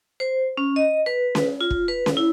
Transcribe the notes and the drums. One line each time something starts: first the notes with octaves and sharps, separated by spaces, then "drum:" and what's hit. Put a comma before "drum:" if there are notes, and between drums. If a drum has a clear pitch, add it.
C5
C#4
D#5
B4
drum: snare C#4
F4
drum: kick
B4
drum: snare C#4
E4